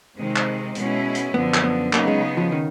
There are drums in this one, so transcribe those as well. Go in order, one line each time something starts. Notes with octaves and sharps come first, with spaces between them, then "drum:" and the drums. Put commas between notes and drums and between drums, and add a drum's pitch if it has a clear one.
C3 D#3 G#3 C4
drum: clap
B2 G#3 C#4 E4, drum: hi-hat
drum: hi-hat
F#2 D3 F3 B3
drum: clap
B3
C#3 F#3 A#3 B3 D#4, drum: clap
G#3
F3
D#3